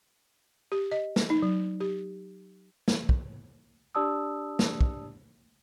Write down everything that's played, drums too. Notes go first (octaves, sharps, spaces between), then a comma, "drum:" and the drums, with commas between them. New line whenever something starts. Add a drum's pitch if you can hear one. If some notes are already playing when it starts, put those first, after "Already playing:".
G4
D#5
drum: snare
D#4
F#3
G4
drum: snare
drum: kick
D4 G4 D5 A5 D#6 E6
drum: snare
drum: kick